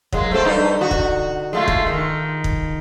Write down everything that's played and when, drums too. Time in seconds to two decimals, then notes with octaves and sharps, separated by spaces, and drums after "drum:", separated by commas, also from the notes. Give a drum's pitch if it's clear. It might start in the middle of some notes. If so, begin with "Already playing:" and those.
0.12 F#3 G#3 A#3, drum: kick
0.31 A3 C4 A4
0.45 G2 D#4
0.81 D3 F#4
0.91 drum: kick
1.53 G#3 A3 F4
1.68 drum: kick
1.87 D#3
2.44 drum: kick